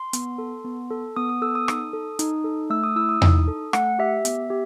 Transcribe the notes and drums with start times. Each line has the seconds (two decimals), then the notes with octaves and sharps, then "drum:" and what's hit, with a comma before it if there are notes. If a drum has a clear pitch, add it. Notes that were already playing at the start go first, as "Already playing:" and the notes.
Already playing: C6
0.13 B3, drum: hi-hat
0.38 A4
0.65 B3
0.91 A4
1.16 B3 D#6
1.29 D#6
1.42 A4 E6
1.55 D#6
1.68 D#4, drum: rim click
1.93 A4
2.19 D#4, drum: hi-hat
2.44 A4
2.70 A3 E6
2.84 D#6
2.96 E4 E6
3.09 D#6
3.22 D#4, drum: tom E2
3.48 A4
3.73 A3 F#5, drum: rim click
3.99 G4 E5
4.25 B3, drum: hi-hat
4.50 G4